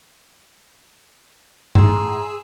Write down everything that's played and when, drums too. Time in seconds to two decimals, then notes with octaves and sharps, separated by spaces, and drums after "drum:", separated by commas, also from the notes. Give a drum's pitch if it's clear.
1.75 A2 G#4 A#5 C6 E6, drum: tom G2